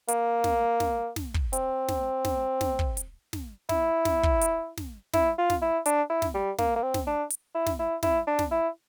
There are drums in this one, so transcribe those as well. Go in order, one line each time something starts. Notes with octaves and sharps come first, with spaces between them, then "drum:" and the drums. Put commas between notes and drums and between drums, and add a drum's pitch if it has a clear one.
A#3, drum: hi-hat
drum: snare
drum: snare
drum: snare
drum: kick
C4, drum: hi-hat
drum: snare
drum: snare
drum: snare
drum: kick
drum: hi-hat
drum: snare
E4, drum: snare
drum: snare
drum: kick
drum: hi-hat
drum: snare
E4, drum: snare
F4
drum: snare
E4
D4, drum: hi-hat
E4
drum: snare
G3
A#3, drum: snare
A#3
C4
drum: snare
D4
drum: hi-hat
E4
drum: snare
E4
E4, drum: snare
D4
drum: snare
E4